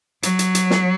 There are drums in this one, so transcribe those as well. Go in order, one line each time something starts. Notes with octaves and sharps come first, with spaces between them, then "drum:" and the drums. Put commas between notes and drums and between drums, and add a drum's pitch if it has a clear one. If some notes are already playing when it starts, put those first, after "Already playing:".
F#3, drum: hi-hat
drum: hi-hat
drum: hi-hat
drum: snare